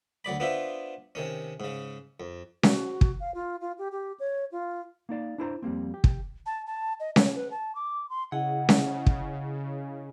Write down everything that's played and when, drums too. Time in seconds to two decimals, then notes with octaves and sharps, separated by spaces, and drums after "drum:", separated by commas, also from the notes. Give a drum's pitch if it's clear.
0.24 D2 F#3 D5 B5
0.40 B3 D4 F4 C5 E5
1.15 C3 D#3 C#4
1.60 G#2 C#3
2.20 F2
2.63 F#4, drum: snare C#4
3.01 drum: kick
3.20 F5
3.34 F4
3.61 F4
3.78 G4
3.92 G4
4.20 C#5
4.52 F4
5.09 A#3 D#4 D5 F5
5.38 D4 E4 C5 A#5
5.62 F2 G3 A#3 C4
5.94 G4
6.04 drum: kick
6.46 A5
6.67 A5
7.00 D#5
7.16 C#5, drum: snare C#4
7.35 B4
7.51 A5
7.75 D6
8.10 C6
8.32 C#3 E4 G#4 D#5 F#5
8.69 drum: snare C#4
9.06 drum: kick